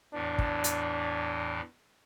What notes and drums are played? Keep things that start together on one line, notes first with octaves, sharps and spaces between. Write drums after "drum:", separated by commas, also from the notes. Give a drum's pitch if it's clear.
E2 A2 E3 D4
drum: kick
drum: hi-hat